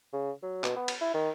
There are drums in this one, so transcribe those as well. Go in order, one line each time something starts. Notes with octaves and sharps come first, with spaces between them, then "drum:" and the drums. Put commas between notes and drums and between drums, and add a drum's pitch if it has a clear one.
C#3
F#3
B2, drum: clap
B3
drum: cymbal
E4
D#3